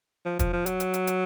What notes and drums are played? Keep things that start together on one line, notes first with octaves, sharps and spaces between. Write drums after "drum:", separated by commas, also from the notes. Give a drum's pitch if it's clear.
F3
F3, drum: kick, hi-hat
F3
F#3, drum: hi-hat
drum: hi-hat
drum: hi-hat
drum: hi-hat